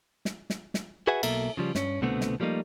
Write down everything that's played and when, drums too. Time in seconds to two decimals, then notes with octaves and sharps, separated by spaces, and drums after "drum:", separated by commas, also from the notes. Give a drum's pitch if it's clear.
0.25 drum: snare
0.50 drum: snare
0.74 drum: snare
1.07 F#4 G#4 B4 E5 F#5 G#5
1.23 B1 B2 A#3 A4 E5 A#5, drum: cymbal
1.57 C#3 F3 G3
1.75 G2 C#4, drum: snare
2.02 C2 B2 D3 A3 B3 C4
2.21 drum: snare
2.40 F3 G3 A3 A#3 D#4